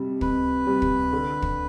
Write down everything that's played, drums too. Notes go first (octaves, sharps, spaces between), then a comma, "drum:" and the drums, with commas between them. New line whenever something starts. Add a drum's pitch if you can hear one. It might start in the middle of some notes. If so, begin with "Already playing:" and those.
Already playing: F2 C3 G3
F2 B4, drum: kick
C3 G3
drum: kick
D3
drum: kick